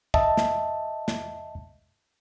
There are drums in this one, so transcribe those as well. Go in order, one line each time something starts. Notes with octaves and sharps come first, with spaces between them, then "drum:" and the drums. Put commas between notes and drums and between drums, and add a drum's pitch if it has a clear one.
D#5 E5 A5, drum: kick
drum: snare
drum: snare